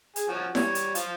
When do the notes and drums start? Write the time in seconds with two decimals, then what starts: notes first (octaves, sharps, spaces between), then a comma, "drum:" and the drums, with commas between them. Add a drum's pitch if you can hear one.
0.16 G#4, drum: hi-hat
0.28 F3 C#4 F#4
0.55 G3 C#5, drum: snare E4
0.75 drum: hi-hat
0.95 F3 F4 F5, drum: hi-hat